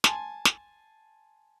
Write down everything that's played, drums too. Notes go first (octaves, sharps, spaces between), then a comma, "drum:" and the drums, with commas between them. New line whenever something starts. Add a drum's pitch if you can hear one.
G#5 A5 C6, drum: snare
drum: snare